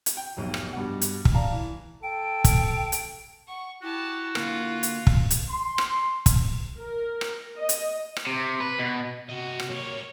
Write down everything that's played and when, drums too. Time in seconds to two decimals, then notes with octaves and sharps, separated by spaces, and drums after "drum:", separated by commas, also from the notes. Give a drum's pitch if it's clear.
0.06 drum: hi-hat
0.17 G5
0.37 F1 B1
0.54 drum: rim click
0.73 G2 B2 F#5
1.01 drum: hi-hat
1.25 drum: kick
1.34 D5 F5 A5 A#5
1.52 E3
2.03 A4 G5 D7
2.44 drum: kick, hi-hat
2.92 drum: hi-hat
3.48 F#5 C#6
3.82 E4 F#4 G4 A5
4.35 D3 A#3 F4 A#4, drum: rim click
4.83 drum: hi-hat
5.07 drum: kick
5.30 drum: hi-hat
5.50 C6
5.78 drum: rim click
6.26 drum: kick, hi-hat
6.79 A#4
7.21 drum: rim click
7.57 D#5
7.69 drum: hi-hat
8.17 drum: rim click
8.27 C3
8.60 B4
8.79 B2
9.30 C3 F#4 D#5
9.60 drum: rim click
9.71 G3 A#3 C#5